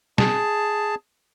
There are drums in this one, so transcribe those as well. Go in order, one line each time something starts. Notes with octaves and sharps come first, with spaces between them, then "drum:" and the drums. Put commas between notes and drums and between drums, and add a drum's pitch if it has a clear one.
G#4 A5, drum: snare